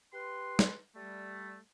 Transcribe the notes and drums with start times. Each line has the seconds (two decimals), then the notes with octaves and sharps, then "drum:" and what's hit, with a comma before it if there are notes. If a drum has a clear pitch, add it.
0.12 G4 B4 C6
0.59 drum: snare
0.96 G3 A3